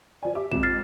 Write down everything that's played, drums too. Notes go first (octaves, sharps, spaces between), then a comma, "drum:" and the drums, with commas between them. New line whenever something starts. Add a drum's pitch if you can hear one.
F3 D5 G#5
G4 E5 D6
F2 G#2 C4 E7, drum: kick
F6 A6 C7